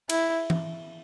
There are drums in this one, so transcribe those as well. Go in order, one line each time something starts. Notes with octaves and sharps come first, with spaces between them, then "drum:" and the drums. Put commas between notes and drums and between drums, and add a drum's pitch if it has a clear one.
E4, drum: cymbal
drum: tom E3